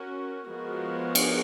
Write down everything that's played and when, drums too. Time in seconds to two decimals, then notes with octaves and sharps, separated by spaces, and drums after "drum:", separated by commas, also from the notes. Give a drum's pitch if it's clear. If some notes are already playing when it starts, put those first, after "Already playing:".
Already playing: C#4 F#4 A#4
0.49 F3 G#3 B3 F#4 A#4
1.15 drum: cymbal